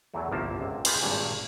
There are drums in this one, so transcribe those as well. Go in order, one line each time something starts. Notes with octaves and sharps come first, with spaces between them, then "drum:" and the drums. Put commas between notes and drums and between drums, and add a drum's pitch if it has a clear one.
E2 E3 F#3 A3
G1 C2 F3 A#3 A5
C#2 F#2 C3
F4 G4 G#4 B4 C5 D#5, drum: cymbal
G#1 G2 A#2 C#5 G5 G#5